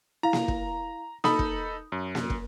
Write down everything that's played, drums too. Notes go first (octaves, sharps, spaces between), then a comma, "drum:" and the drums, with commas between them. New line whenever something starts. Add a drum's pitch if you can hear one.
E4 F5 A#5
drum: snare A#3
drum: kick
D#4 A4 B5 D#6, drum: snare A#3
drum: kick
F#2
drum: snare A#3
drum: kick